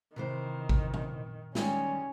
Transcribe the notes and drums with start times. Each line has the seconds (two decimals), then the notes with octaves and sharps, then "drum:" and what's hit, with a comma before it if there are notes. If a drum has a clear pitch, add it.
0.16 C3 D#3 E3 C5
0.69 drum: kick G#1
0.94 drum: tom A#2
1.55 D#3 G3 G#3 C#4, drum: snare